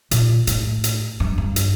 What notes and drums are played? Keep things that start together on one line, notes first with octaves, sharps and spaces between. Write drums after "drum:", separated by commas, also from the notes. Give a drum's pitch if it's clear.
A#2, drum: hi-hat
A2, drum: hi-hat
drum: hi-hat
G2
G2
drum: hi-hat